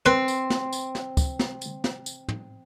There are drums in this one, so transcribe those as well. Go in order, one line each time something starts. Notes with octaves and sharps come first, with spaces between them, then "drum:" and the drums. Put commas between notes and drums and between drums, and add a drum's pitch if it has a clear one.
C4 B4
drum: tambourine
drum: snare
drum: tambourine
drum: snare
drum: kick, tambourine
drum: snare
drum: tambourine
drum: snare
drum: tambourine
drum: tom